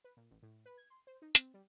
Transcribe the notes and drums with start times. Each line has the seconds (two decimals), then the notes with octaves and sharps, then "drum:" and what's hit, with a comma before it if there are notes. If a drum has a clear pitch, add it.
0.04 B4
0.17 A#2
0.31 A1
0.43 A2
0.66 B4
0.78 G#6
0.90 C6
1.07 C5
1.22 D#4
1.35 C4, drum: hi-hat
1.54 G3